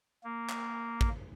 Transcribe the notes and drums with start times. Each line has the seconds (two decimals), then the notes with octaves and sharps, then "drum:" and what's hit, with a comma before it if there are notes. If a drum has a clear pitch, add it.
0.24 A#3
0.49 drum: clap
1.01 drum: kick